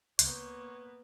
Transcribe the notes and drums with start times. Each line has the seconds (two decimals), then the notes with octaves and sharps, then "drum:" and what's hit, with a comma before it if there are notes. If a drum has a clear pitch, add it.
0.19 C#2 A#3 B3 C#5 G6, drum: hi-hat